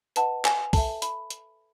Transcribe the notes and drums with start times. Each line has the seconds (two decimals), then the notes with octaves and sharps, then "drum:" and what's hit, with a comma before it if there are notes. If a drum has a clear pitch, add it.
0.16 B4 D#5 F#5 A5, drum: hi-hat
0.45 G#5, drum: clap
0.73 A4 E5 A5, drum: kick, open hi-hat
1.02 B5, drum: hi-hat
1.30 drum: hi-hat